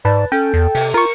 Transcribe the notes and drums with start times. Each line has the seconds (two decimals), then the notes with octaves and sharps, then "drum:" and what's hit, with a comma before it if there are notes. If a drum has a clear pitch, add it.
0.05 G#2 B4 D5 A5
0.32 C#4 A4 G5
0.54 E2
0.75 C3, drum: open hi-hat
0.94 F4 A#4 C#6